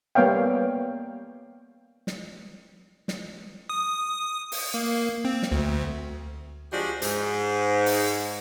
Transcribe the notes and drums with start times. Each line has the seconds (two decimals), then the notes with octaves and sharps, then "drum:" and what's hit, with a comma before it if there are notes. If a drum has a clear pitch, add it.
0.15 G3 A#3 B3 C#5 F5 G5
2.07 drum: snare
3.08 drum: snare
3.69 D#6
4.52 drum: open hi-hat
4.74 A#3
5.25 C4
5.42 drum: snare
5.52 D2
6.72 F3 G#3 D4 F#4 G4
7.02 G#2, drum: hi-hat
7.86 drum: open hi-hat